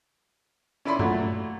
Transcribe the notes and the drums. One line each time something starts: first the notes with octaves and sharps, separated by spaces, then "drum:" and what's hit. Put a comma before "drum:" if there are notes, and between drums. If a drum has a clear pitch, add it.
C#4 E4 D5 B5 C6
A#2 F#3 A3, drum: tom F#2